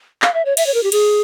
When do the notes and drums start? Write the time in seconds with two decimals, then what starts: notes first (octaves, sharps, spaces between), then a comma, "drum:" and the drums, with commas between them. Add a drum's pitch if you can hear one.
0.22 F5, drum: clap
0.34 E5
0.45 C#5
0.57 E5, drum: cymbal
0.66 C#5
0.74 A#4
0.83 G4
0.92 G#4, drum: cymbal